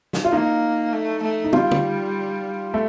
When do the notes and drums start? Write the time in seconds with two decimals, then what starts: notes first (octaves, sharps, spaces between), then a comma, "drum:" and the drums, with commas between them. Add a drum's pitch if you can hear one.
0.13 drum: snare
0.24 F4
0.32 A#3 D#4
0.93 A3
1.23 A3
1.44 D#4
1.53 G3 F4, drum: tom
1.71 drum: tom
2.74 A3